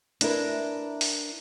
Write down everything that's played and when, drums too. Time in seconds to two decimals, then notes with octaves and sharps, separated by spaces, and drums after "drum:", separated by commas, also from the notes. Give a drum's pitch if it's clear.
0.21 D4 E4 A#4 B4, drum: hi-hat
1.01 drum: open hi-hat